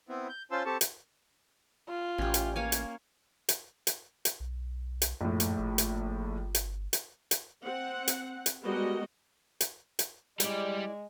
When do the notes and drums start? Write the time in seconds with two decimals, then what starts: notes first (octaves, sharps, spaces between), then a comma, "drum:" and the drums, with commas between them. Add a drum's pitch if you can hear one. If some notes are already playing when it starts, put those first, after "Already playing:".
0.09 B3 C4 E4
0.29 G6
0.51 C#4 F4 C5 A5 C6 E6
0.66 C4 G4 A4 A5 C#6
0.81 drum: hi-hat
1.88 F4
2.18 A1 C#4 G4
2.34 drum: hi-hat
2.56 A#3 C#5 F5 G#5
2.72 drum: hi-hat
3.49 drum: hi-hat
3.87 drum: hi-hat
4.25 drum: hi-hat
4.40 B1
5.02 drum: hi-hat
5.21 A#1 F#2 A2
5.40 drum: hi-hat
5.58 G1
5.78 drum: hi-hat
6.55 drum: hi-hat
6.93 drum: hi-hat
7.31 drum: hi-hat
7.65 C4 F#5
8.08 drum: hi-hat
8.46 drum: hi-hat
8.63 G3 G#3 B3 F#4 A#4 D#5
9.61 drum: hi-hat
9.99 drum: hi-hat
10.40 G3 G#3 E4 D5, drum: hi-hat